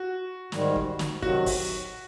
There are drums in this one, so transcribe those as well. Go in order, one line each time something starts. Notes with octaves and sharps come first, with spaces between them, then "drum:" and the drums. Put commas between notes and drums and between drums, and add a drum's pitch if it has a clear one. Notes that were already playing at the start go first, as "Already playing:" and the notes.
Already playing: F#4
G#2 D#3 G3, drum: snare
drum: kick
drum: snare
C3 D#3 F#3 F#4, drum: kick
drum: kick, open hi-hat